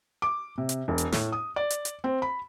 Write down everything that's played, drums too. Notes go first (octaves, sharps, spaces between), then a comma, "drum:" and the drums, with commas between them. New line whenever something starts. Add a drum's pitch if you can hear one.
D6
C3
drum: hi-hat
E1
drum: hi-hat
A2, drum: snare
D#6
D5
drum: hi-hat
drum: hi-hat
C4
B5